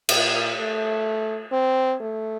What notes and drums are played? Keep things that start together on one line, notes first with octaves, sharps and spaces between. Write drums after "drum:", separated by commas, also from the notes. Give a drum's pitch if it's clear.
A#2, drum: cymbal
A3
C4
A3